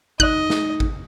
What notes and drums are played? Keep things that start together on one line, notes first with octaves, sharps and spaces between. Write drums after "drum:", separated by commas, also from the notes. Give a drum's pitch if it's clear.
D#4 D#5 F#6, drum: kick G#1
drum: snare
drum: kick G#1